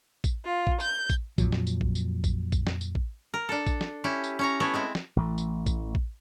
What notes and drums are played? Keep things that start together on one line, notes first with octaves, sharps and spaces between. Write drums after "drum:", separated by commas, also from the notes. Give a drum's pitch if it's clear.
drum: kick, tambourine
F4
drum: kick
G6, drum: tambourine
drum: kick, tambourine
F2 A#2 F3 F#3, drum: kick, tambourine
drum: snare
drum: tambourine
drum: kick
drum: tambourine
drum: kick, tambourine
drum: kick, tambourine
drum: snare
drum: tambourine
drum: kick
A#4
D4 A4
drum: kick, tambourine
drum: snare
C#4 E4 G4
drum: tambourine
C#4 C#5 A#5
A3 B3 E4 C#5
G#3 C4 E4
drum: snare
A1 E3 A3
drum: tambourine
drum: kick, tambourine
drum: kick